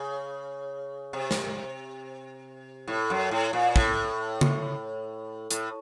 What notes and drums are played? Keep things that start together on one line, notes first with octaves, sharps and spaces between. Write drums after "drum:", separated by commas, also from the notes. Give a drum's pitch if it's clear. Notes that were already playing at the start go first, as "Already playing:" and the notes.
Already playing: C#3
C3
drum: snare
A2
F#2
A2
A#2
A2, drum: kick
drum: tom
A2, drum: hi-hat